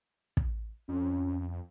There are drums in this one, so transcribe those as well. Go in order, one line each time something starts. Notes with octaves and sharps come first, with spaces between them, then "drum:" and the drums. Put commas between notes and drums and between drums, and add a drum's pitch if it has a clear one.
drum: kick
F2 C#4